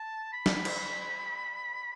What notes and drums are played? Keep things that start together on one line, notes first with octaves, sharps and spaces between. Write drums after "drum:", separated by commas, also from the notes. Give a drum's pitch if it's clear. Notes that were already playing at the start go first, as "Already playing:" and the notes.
Already playing: A5
B5
drum: snare
drum: cymbal